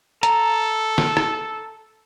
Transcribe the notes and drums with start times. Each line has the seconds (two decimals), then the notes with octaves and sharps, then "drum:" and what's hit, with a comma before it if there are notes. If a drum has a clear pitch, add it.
0.23 A4 A#5, drum: hi-hat
0.98 drum: snare
1.17 drum: rim click